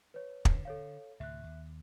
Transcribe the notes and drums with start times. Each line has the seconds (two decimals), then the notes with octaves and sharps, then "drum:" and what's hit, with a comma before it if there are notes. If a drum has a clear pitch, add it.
0.14 B4 C#5
0.45 D3, drum: kick
0.65 A4 C#5 F5
1.20 D2 A2 C3 E5 F#6
1.44 D#2